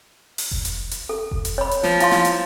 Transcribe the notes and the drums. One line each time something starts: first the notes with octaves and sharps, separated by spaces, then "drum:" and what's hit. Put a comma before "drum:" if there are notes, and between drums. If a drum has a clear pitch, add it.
drum: open hi-hat
drum: kick F1
drum: hi-hat
drum: hi-hat
A4
drum: kick F1
drum: hi-hat
C#5 B5
drum: hi-hat
F3, drum: snare
E4 F5 C6, drum: hi-hat
drum: snare
drum: hi-hat